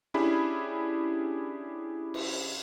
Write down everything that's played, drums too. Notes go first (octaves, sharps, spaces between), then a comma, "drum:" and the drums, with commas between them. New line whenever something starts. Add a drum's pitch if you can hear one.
C#4 D4 E4 G4 G#4 B5
drum: cymbal